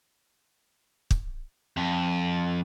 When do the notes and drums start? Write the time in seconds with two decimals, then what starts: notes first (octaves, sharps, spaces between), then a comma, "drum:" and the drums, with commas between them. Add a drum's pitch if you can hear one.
1.11 drum: kick
1.77 F2